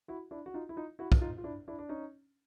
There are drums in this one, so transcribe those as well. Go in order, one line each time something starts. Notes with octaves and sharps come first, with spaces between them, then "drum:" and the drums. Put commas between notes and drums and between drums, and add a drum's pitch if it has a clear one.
E4 F#4
D4 E4
F#4
D#4 F4
E4
D#4 F4
E4 F#4
drum: kick
D#4 F4
F4
D4 E4
D4 E4
D4
C#4 D#4